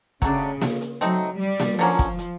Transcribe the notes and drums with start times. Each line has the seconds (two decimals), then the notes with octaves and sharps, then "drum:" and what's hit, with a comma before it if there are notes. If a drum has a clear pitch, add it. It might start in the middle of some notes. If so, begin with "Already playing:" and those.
0.22 C#3 F#3 A3 D4, drum: kick, hi-hat
0.62 drum: snare A#3
0.81 drum: hi-hat
1.01 F#3 A3 C4 D#4, drum: hi-hat
1.40 G3
1.60 drum: snare A#3
1.79 D3 F3 F#3 A#3 C#4, drum: hi-hat
1.99 drum: kick, hi-hat
2.18 drum: hi-hat